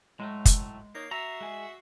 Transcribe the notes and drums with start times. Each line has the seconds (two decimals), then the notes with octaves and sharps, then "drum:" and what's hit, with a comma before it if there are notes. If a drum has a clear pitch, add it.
0.20 A2 F#3 G#3 A3
0.46 drum: kick, hi-hat
0.95 A#3 D#4 C#5 C7
1.11 F#4 E5 A#5
1.41 G#3 G#4